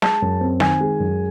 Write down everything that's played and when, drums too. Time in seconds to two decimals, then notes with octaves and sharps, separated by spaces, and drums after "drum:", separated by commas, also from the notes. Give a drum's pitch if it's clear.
0.02 G#3 A5, drum: snare
0.22 F#2
0.41 C4
0.60 D#3 G#5, drum: snare
0.81 G#3
1.00 F#2